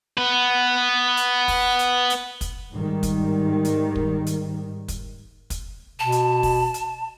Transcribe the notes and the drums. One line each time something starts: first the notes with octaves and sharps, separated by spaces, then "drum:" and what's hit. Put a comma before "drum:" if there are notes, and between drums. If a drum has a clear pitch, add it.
B3 B4
drum: hi-hat
drum: kick, open hi-hat
drum: hi-hat
drum: hi-hat
drum: kick, hi-hat
G#2 D#3 G3
drum: kick, hi-hat
drum: hi-hat
drum: kick
drum: hi-hat
drum: kick, hi-hat
drum: kick, hi-hat
B2 A5
drum: hi-hat
drum: kick, open hi-hat
drum: hi-hat